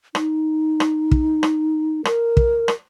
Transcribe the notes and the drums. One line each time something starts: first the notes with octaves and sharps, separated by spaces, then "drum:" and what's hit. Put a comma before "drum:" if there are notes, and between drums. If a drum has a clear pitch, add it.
D#4, drum: rim click
drum: rim click
drum: kick
drum: rim click
A#4, drum: rim click
drum: kick
drum: rim click